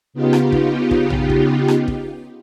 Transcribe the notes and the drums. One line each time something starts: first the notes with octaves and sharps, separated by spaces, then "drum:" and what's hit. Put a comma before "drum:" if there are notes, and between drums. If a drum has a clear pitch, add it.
C#3 B3 D#4 F4 G4
drum: rim click
drum: kick
drum: kick
drum: tom A#1
drum: kick
drum: rim click
drum: kick